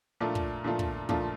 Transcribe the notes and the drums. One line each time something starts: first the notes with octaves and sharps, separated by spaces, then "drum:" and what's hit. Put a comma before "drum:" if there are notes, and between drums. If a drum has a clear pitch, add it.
A#2 F3 A3 D4 F4
drum: kick
A#2 F3 A3 D4 F4
drum: kick
A#2 F3 A3 D4 F4, drum: kick